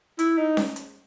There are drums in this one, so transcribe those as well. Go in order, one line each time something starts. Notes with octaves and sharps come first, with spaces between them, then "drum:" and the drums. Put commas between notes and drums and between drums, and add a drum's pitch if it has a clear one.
E4, drum: hi-hat
D#4
drum: snare C#4
drum: hi-hat